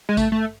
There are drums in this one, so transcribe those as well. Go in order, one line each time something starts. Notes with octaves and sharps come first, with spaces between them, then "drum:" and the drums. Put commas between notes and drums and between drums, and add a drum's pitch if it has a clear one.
G#3
A3, drum: kick A1, tambourine
A3